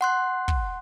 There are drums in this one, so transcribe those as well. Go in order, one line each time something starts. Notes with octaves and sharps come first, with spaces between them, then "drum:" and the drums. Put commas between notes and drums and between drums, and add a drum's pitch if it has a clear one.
F#5 C6 F#6
drum: kick